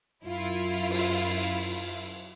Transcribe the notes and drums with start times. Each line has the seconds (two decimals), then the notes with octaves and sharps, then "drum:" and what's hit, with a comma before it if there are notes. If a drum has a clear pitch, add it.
0.23 F#2 E4 F4
0.90 drum: cymbal